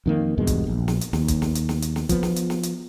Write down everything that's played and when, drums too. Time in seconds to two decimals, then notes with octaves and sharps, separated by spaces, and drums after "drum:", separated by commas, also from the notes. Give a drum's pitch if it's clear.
0.06 F2 D#3 A#3
0.38 E2 G2 B2 G#3
0.47 drum: kick, hi-hat
0.67 A#1
0.88 drum: snare
1.01 drum: hi-hat
1.13 D#2, drum: snare
1.28 drum: kick, hi-hat
1.42 drum: snare
1.55 drum: hi-hat
1.69 drum: snare
1.82 drum: hi-hat
1.96 drum: snare
2.09 F3 B3, drum: kick, hi-hat
2.23 drum: snare
2.36 drum: hi-hat
2.50 drum: snare
2.63 drum: hi-hat